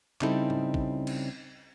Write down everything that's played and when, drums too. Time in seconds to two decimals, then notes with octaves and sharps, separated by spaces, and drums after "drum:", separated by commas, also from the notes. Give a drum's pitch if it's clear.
0.21 C#3 G3 C4 D#4 E4 A4, drum: clap
0.50 drum: tom G#2
0.74 drum: kick
1.07 drum: cymbal